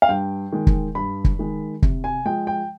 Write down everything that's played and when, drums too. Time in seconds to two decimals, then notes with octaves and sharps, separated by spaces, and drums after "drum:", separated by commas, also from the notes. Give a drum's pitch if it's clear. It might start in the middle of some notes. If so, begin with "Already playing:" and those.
0.02 F5
0.09 G2 G5
0.52 D#3 G#3
0.67 drum: kick
0.95 G2 B5
1.24 drum: kick
1.39 D#3 G#3
1.82 C3, drum: kick
2.04 G#5
2.25 F3 G#3 G5
2.47 G5